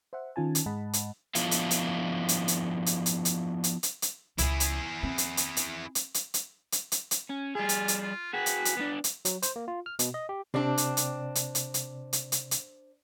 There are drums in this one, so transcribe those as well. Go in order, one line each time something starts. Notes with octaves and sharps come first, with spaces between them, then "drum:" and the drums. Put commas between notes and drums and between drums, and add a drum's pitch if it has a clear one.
C5 E5 F#5
D#3 C#4 F4 G#5 A5
drum: hi-hat
G#2 G#3 D#5 F#5 A5 B5
drum: hi-hat
F3 B3 D4 E4 F4 F5, drum: hi-hat
drum: hi-hat
drum: hi-hat
drum: hi-hat
drum: hi-hat
drum: hi-hat
drum: hi-hat
drum: hi-hat
drum: hi-hat
drum: hi-hat
drum: hi-hat
C#2 C#3 E4 G#4, drum: hi-hat
drum: hi-hat
C4
drum: hi-hat
drum: hi-hat
drum: hi-hat
drum: hi-hat
drum: hi-hat
drum: hi-hat
drum: hi-hat
drum: hi-hat
drum: hi-hat
C#4
G3 F4 G#4
drum: hi-hat
drum: hi-hat
F4
F#4 G#4 B4
drum: hi-hat
drum: hi-hat
B3 D4
drum: hi-hat
F#3, drum: hi-hat
C5, drum: hi-hat
A#3
F4
F6
B2, drum: hi-hat
D#5
G4
C3 C4 D4 D5
drum: hi-hat
drum: hi-hat
drum: hi-hat
drum: hi-hat
drum: hi-hat
drum: hi-hat
drum: hi-hat
drum: hi-hat